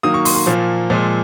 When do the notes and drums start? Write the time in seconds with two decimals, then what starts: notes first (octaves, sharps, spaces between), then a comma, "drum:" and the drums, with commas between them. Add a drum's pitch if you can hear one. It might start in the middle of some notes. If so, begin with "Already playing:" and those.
0.03 D#3 F#3 A#3 D#6
0.14 C#6
0.25 C6, drum: open hi-hat
0.36 C6
0.46 A#2 F3 A#3
0.90 A#2 F3 G#3